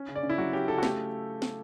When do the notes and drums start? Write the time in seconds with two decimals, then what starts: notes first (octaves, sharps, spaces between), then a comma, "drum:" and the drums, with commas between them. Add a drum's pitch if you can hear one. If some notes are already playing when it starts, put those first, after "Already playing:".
Already playing: C#4
0.08 C#3
0.15 D5
0.23 C#3
0.29 E4
0.38 F#3 F#4
0.53 C#4 G4
0.67 C#3 A4
0.78 F#4
0.83 A3 G4, drum: snare
1.42 drum: snare